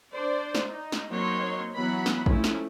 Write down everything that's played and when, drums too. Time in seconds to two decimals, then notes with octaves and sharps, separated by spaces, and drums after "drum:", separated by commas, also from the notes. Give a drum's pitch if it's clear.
0.13 D4 C5 D5
0.55 drum: snare
0.69 D#4
0.92 drum: snare
1.11 F#3 A#3 C4 D#4 C#5 C6
1.74 E3 F#3 B3 F#5 B5
2.06 drum: snare
2.26 F3 A3 C#4 E4, drum: kick A1
2.44 drum: snare